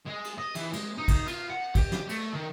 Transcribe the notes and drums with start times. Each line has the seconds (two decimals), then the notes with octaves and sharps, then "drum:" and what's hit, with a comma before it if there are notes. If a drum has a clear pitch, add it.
0.06 G#3
0.24 drum: cymbal
0.38 D#5
0.55 E3, drum: cymbal
0.73 G#3, drum: cymbal
0.98 D#4
1.08 drum: kick, cymbal
1.27 F4, drum: cymbal
1.50 F#5
1.75 G4, drum: kick, cymbal
1.92 drum: snare
2.09 A3, drum: cymbal
2.34 D#3